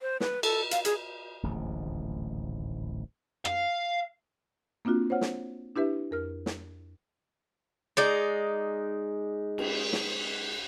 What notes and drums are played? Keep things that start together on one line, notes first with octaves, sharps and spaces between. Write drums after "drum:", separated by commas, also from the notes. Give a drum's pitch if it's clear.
C5
B4, drum: snare
A4, drum: cymbal
F5, drum: hi-hat
G#4, drum: hi-hat
D1 A1 D#2 G#2
F5, drum: rim click
A#3 C4 D4 F4 F#4
C5 C#5 F#5 F6
drum: snare
D4 E4 G4 B4 E5
F2 A#4 F6
drum: snare
G#3 D#4 D5
drum: cymbal
drum: snare